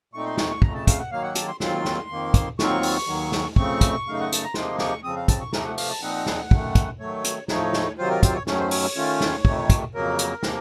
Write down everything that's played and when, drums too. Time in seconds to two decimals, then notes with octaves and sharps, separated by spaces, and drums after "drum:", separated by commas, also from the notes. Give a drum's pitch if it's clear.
0.13 A#2 A3 C4 D#4 C#6
0.25 C6
0.37 C#6, drum: snare
0.50 C#6
0.62 F2 C#3 A3 A#5, drum: kick
0.74 A5
0.87 F5, drum: kick, hi-hat
0.99 F#5
1.12 D#3 F#3 A#3 F5
1.23 F#5
1.35 A5, drum: hi-hat
1.48 C6
1.60 D#2 D#3 F#3 C4 F4 C6, drum: snare
1.85 drum: snare
2.10 F2 D#3 A#3
2.34 drum: kick, hi-hat
2.59 D#2 D#3 F#3 C4 F4 C#6, drum: snare
2.83 drum: open hi-hat
3.07 D#2 D#3 F#3
3.32 drum: snare
3.56 F2 C#3 A3 C4 C#6, drum: kick
3.81 drum: kick, hi-hat
4.05 F#2 C#3 A3 D#4 F5
4.20 F#5
4.32 A5, drum: hi-hat
4.44 A#5
4.54 C3 F3 A#3 D#4 C6, drum: snare
4.79 C#6, drum: snare
5.04 F2 C#3 F3 C4 D#6
5.16 F5
5.28 A5, drum: kick, hi-hat
5.41 C#6
5.53 C3 F3 A3 A#5, drum: snare
5.65 F#5
5.78 F5, drum: open hi-hat
5.90 A5
6.01 A#2 F3 C4 D#4 F#5
6.26 drum: snare
6.51 F#2 D#3 A3, drum: kick
6.75 drum: kick, hi-hat
6.99 D#3 F#3 A3 C#5
7.24 drum: hi-hat
7.48 A2 F3 A3 D#4 C#5, drum: snare
7.73 drum: snare
7.98 C3 D#3 F#3 C4 F4 C5
8.10 A#4
8.23 C5, drum: kick, hi-hat
8.34 C#5
8.47 F#2 D#3 F#3 A3 C#4 C#5, drum: snare
8.59 C5
8.71 C#5, drum: open hi-hat
8.84 C#5
8.96 D#3 A3 C#4 F4
9.21 drum: snare
9.45 F2 C3 D#3 A3, drum: kick
9.70 drum: kick, hi-hat
9.94 F2 C#3 F#3 A#3 A#4
10.19 drum: hi-hat
10.43 C3 F3 A#3, drum: snare